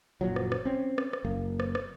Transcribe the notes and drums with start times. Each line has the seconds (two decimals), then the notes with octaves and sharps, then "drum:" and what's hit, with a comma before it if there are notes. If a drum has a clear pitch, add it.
0.21 F#1 A#2 F3 F#3
0.36 drum: rim click
0.52 drum: rim click
0.65 C4 C#4
0.98 drum: rim click
1.13 drum: rim click
1.25 F#1 A#3
1.60 drum: rim click
1.75 drum: rim click